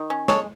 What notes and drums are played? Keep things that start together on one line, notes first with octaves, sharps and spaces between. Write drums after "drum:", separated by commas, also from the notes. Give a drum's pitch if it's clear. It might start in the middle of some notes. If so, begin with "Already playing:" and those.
Already playing: D#3
C#4
G#3 A4 C#5, drum: snare